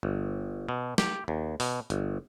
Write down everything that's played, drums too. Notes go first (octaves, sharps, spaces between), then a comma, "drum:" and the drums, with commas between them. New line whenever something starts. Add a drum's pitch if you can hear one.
G1
B2
G4, drum: snare
D#2
B2, drum: open hi-hat
G1, drum: hi-hat